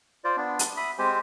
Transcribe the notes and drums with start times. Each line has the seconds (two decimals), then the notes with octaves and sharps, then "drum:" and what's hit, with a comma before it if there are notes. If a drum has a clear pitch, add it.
0.24 F4 C5 D5
0.37 B3 D4
0.59 drum: hi-hat
0.77 E5 B5 D#6
0.98 G#3 C4 G4 C5 G#5